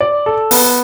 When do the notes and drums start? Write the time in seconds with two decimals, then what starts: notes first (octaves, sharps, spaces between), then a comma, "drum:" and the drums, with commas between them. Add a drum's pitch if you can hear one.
0.01 D5
0.26 A4
0.51 B3, drum: open hi-hat